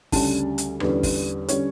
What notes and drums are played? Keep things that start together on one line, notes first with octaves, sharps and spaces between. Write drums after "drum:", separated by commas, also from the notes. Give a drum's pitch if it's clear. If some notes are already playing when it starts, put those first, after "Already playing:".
D2 C#3 G3 C#4 A5, drum: kick, open hi-hat
drum: hi-hat
E2 D3 G3 C#4, drum: rim click
drum: kick, open hi-hat
D3 G3 C#4 C#5, drum: hi-hat